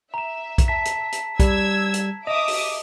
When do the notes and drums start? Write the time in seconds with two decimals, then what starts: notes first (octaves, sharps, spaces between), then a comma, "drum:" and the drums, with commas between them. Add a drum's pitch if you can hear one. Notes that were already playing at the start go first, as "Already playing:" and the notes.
0.14 E5 A#5 E7
0.58 drum: kick B1, hi-hat
0.68 A5 B6
0.85 drum: hi-hat
1.12 drum: hi-hat
1.40 G3 E6 G#6, drum: kick B1, hi-hat
1.94 drum: hi-hat
2.27 D#5 E5 D6 D#6 F7
2.48 drum: open hi-hat